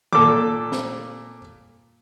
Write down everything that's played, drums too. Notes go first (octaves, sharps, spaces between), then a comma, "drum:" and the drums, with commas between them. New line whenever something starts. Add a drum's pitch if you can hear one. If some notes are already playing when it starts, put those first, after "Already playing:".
A#2 A4 D6, drum: tom D#3
drum: snare